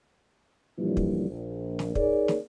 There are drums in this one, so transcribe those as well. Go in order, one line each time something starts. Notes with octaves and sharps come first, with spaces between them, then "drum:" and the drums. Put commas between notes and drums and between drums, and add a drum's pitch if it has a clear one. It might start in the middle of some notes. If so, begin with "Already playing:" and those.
F#2 A#2 D3 E3 F3 G3
drum: kick
A#1
drum: snare
D#4 G#4 A#4 C#5 D5, drum: kick
drum: snare